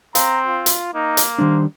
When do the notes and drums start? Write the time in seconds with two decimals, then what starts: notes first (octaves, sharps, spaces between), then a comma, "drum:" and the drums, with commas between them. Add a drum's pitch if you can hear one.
0.15 C4 F5 A#5, drum: hi-hat
0.47 F4
0.66 drum: hi-hat
0.94 A#3 D#4
1.17 drum: hi-hat
1.38 D#3 G3 D4 C5